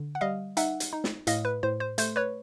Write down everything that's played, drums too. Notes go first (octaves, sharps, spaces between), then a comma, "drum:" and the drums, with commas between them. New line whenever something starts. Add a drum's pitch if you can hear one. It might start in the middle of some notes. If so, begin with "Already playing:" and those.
Already playing: D3
F#5
G3 D#5 F5
D#4 E5 F#5, drum: hi-hat
drum: hi-hat
D#4
drum: snare
A2 D#5 F5, drum: hi-hat
B4
A2 C5
C5
A3 C5, drum: hi-hat
B4 C#5